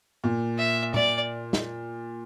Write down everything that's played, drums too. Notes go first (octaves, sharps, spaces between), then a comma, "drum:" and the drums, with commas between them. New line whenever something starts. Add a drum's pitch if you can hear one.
A#2
E5
D5, drum: tom A#2
drum: snare